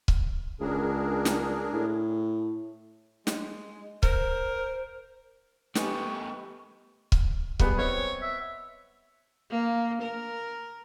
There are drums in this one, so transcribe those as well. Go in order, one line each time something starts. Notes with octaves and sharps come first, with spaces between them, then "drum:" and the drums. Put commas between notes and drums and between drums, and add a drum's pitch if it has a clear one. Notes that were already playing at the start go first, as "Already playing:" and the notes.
drum: kick C#1
C#2 D4 G#4 A#4
drum: snare
A2
G#3, drum: snare
A#4 C5, drum: kick C#1
A3 B3 G4 B4 D#5 G#5 C#6, drum: snare
drum: kick C#1
G3 B3 G#4, drum: kick C#1
B3 C4 C#5 D#5
E5
A#3
A#4